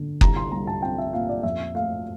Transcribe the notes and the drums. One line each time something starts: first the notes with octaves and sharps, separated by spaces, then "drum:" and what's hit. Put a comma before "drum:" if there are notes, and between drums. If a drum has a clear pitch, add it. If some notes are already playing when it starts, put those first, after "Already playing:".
Already playing: D3
C2 A#5, drum: kick F#1
C6
G3 A#5
A5
C4 G5
E5
A#2 F5
D5
F2 E5
A3 F5